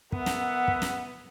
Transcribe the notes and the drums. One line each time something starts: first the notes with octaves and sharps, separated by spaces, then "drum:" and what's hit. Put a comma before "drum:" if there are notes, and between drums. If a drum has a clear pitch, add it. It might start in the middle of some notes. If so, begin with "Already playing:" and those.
B3 A#4 E5 F#5, drum: kick
drum: snare
drum: kick
drum: snare